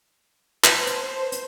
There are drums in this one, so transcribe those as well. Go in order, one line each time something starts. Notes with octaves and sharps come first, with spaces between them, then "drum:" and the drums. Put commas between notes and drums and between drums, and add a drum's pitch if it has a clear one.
B4 C5 A5, drum: clap
drum: hi-hat
drum: hi-hat